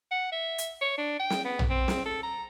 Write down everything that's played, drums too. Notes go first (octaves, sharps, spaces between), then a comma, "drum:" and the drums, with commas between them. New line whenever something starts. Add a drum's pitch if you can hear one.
F#5
E5
drum: hi-hat
C#5
D4
G5
drum: snare
B3
drum: tom
C4
drum: snare
A4
A#5